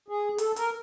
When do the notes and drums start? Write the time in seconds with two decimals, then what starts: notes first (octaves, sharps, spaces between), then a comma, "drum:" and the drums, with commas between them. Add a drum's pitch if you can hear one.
0.08 G#4
0.38 A4, drum: hi-hat
0.56 A#4, drum: hi-hat